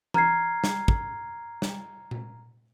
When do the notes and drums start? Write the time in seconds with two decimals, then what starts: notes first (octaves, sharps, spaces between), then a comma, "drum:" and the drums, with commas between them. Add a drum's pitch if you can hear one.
0.14 A#5 F6 G#6 C7, drum: tom E3
0.64 drum: snare
0.88 drum: kick
1.62 drum: snare
2.11 drum: tom A#2